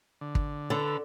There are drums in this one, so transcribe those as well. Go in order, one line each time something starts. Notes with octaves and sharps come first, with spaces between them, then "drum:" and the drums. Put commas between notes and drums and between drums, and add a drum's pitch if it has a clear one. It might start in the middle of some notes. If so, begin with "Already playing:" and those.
D3
drum: kick
D3 A4 B4